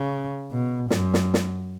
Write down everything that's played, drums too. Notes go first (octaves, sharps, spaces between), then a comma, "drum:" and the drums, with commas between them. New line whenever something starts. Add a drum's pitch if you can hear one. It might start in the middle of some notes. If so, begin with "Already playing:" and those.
Already playing: C#3
B2
F#2, drum: snare
drum: snare
drum: snare